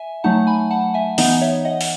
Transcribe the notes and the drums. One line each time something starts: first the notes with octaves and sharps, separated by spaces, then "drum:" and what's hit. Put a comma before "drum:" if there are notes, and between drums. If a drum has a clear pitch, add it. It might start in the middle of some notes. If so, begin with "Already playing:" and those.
Already playing: E5 G#5
F#3 A3 D#4 F#5 A5
G#5 B5
F#5 A5
E5 G#5
E3 B3 D#4 D#5 F#5, drum: open hi-hat
C#5 E5
D#5 F#5
drum: open hi-hat